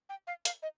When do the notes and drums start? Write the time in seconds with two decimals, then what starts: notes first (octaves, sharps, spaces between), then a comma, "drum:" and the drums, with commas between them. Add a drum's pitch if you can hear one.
0.09 G5
0.27 F5
0.45 F5, drum: hi-hat
0.62 D#5